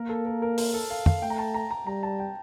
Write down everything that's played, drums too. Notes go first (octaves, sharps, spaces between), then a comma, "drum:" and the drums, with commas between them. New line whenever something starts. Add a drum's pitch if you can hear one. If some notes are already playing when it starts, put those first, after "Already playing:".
Already playing: A#3 A#4
A4
A#4
A#4
A#4, drum: open hi-hat
A4
F5
F5, drum: tom
A3 G5
A#5
A5
A#5
A#5
G3 A#5
A5
G5